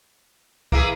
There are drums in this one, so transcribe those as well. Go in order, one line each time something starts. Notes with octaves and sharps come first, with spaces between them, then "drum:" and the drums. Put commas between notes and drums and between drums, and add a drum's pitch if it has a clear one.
E3 A#3 E4 G#4 A#5 D7, drum: kick